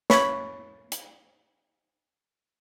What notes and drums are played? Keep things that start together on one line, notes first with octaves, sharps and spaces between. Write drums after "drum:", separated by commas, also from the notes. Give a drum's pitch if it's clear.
C#5 B5, drum: snare
drum: hi-hat